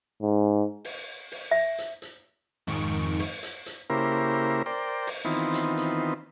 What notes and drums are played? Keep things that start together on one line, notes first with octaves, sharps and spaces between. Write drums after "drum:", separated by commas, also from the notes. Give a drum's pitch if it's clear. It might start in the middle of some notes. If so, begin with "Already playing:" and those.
G#2
drum: open hi-hat
drum: open hi-hat
E5
drum: hi-hat
drum: hi-hat
F2 G#2 D#3 C#6 D7
drum: open hi-hat
drum: hi-hat
drum: hi-hat
C#3 A#3 E4 G4 A#4 C5
A#4 C5 D5 G5
drum: open hi-hat
D#3 E3 B3 C4 D#4 F4
drum: hi-hat
drum: hi-hat